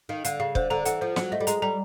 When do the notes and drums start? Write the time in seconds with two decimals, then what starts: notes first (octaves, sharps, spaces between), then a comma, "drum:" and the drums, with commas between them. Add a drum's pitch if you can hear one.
0.09 D#3 F5
0.25 D3 F5, drum: hi-hat
0.40 C#3 F5
0.55 D3 C5, drum: kick
0.70 D3 A#5
0.86 E3 F#5, drum: hi-hat
1.01 F3 C5
1.16 F#3 F#5, drum: snare
1.32 A3 D#5
1.40 G3
1.47 G#3 A#5, drum: hi-hat
1.62 G3 A#5